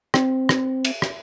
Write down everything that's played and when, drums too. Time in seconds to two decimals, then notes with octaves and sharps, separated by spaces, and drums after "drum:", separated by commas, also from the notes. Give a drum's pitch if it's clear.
0.14 C4, drum: rim click
0.49 drum: rim click
0.85 drum: cymbal
1.02 drum: rim click